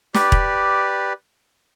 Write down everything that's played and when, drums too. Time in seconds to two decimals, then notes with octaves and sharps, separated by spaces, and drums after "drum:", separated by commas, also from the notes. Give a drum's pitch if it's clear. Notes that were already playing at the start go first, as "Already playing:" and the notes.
0.14 G4 B4 D5, drum: snare
0.32 drum: kick E1